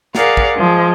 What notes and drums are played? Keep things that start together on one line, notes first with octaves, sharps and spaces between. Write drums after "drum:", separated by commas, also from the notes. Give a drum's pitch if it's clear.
G#4 A#4 D5 F5 F#5, drum: snare
drum: kick
F3 G#3